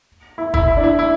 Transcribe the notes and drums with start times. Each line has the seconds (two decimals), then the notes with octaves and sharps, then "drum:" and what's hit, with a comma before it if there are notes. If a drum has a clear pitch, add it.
0.38 E4
0.54 E4, drum: kick
0.68 E4
0.77 D4
0.84 E4
0.99 E4